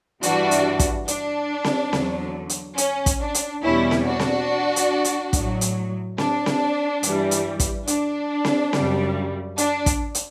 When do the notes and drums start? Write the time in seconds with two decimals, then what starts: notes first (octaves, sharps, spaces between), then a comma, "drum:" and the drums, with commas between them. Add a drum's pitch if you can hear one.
0.23 G2 E3 G3 D4 F#4, drum: hi-hat
0.51 drum: hi-hat
0.79 drum: kick, hi-hat
1.08 D4, drum: hi-hat
1.64 drum: snare C4
1.93 E2 D3 F#3, drum: snare C4
2.49 drum: hi-hat
2.78 C#4, drum: hi-hat
3.06 drum: kick, hi-hat
3.20 D4
3.34 drum: hi-hat
3.62 E2 B2 G3 C#4 E4
3.91 drum: snare C4
4.05 D4 F#4
4.19 drum: snare C4
4.76 drum: hi-hat
5.05 drum: hi-hat
5.33 A2 F#3, drum: kick, hi-hat
5.61 drum: hi-hat
6.18 D4, drum: snare C4
6.46 drum: snare C4
7.03 G2 E3 G3, drum: hi-hat
7.31 drum: hi-hat
7.60 drum: kick, hi-hat
7.87 D4, drum: hi-hat
8.45 drum: snare C4
8.73 F#2 C#3 G3, drum: snare C4
9.58 D4, drum: hi-hat
9.86 drum: kick, hi-hat
10.15 drum: hi-hat